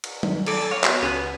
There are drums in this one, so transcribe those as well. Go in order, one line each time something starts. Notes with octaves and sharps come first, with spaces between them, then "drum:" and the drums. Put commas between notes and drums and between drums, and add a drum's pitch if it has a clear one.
drum: cymbal
D#3, drum: tom F#3
A4 D5, drum: cymbal
C#5 F5
B3 F#4 G4, drum: clap
C#2 B3 C#4 G#5 F#6